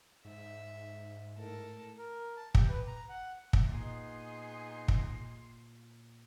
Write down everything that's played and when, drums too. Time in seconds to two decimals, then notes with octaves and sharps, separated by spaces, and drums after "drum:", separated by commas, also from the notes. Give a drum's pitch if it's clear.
0.25 G#2 E5
1.37 A2 A4 A#4
1.97 A#4
2.36 A5
2.55 G4, drum: kick
2.69 B4
2.87 A#5
3.09 F#5
3.53 drum: kick
3.69 A#2 B3 D#4 G#4 C6
4.88 drum: kick